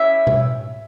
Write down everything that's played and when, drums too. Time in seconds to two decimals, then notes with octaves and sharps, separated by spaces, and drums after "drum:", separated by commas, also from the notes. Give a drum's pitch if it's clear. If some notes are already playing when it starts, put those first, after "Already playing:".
Already playing: C#4 E4 G4 E5
0.27 drum: tom B2